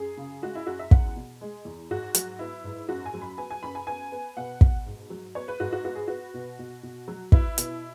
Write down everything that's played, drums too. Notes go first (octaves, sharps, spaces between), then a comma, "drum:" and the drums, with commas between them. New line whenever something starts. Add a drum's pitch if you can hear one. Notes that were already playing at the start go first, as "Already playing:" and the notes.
Already playing: F#2 G#4
C#3
G#3 F#4
E4
F#2 F#4
E5
E2 F#5, drum: kick
B2
G#3
E2
G#2 F#4
F#3, drum: hi-hat
B3 E4
G#2
F#2 F#4
G#5
F#3
B5
B3 G#5
G#5
F#2 B5
G#5
B3 G#5
B3
B2 F#5
B2, drum: kick
G#2
F#3
B3 C#5
B4
G#2 F#4
F#4
B3 F#4
G#4
B3 F#4
B2
B2
B2
F#3
B3 E4, drum: kick
B2, drum: hi-hat